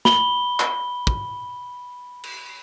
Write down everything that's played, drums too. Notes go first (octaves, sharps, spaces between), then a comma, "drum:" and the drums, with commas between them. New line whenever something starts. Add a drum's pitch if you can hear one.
B5 G7, drum: snare
drum: clap
drum: kick
drum: cymbal